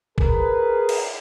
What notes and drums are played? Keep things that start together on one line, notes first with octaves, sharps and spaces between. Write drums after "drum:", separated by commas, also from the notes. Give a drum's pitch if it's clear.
G#4 A#4 B4, drum: kick A1
drum: cymbal